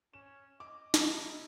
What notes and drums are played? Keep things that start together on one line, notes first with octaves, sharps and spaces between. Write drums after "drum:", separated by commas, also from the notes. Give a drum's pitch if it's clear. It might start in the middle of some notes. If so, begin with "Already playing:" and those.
C#4 E7
D#5 D6
D#4 E4 A5 E6, drum: snare